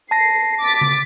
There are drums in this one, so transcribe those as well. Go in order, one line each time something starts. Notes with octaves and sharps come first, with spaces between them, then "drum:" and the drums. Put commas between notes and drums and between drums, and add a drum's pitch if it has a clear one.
A5 A#6 C7
D6 A6 B6
drum: tom C#3